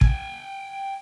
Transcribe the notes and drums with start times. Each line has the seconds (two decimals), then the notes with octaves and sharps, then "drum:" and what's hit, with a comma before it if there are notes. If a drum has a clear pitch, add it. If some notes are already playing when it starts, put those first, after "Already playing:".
0.01 G5 G#5, drum: kick